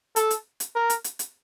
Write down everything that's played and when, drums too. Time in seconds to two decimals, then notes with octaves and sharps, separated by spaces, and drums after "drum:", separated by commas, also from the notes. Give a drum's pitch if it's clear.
0.16 A4, drum: hi-hat
0.30 drum: hi-hat
0.60 drum: hi-hat
0.75 A#4
0.90 drum: hi-hat
1.04 drum: hi-hat
1.19 drum: hi-hat